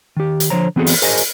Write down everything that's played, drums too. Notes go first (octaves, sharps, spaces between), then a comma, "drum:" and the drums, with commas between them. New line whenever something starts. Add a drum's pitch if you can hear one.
D#3 G4
drum: hi-hat
D3 F3 C5 C#5 A#5
E3 B3 C4 F#4 G#4 A4
drum: open hi-hat
F#4 G#4 A#4 C5 D#5 G#5, drum: hi-hat
drum: hi-hat